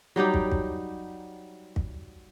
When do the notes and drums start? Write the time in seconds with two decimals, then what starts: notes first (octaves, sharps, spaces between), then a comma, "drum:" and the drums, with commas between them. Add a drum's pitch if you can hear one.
0.16 F#3 G3 D#4 G4
0.34 drum: kick
0.52 drum: kick
1.76 drum: kick